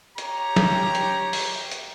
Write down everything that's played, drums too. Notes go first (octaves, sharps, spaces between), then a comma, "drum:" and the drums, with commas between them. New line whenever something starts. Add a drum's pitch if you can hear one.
G4 C#5 A#5, drum: hi-hat
drum: snare
drum: hi-hat
drum: open hi-hat
drum: hi-hat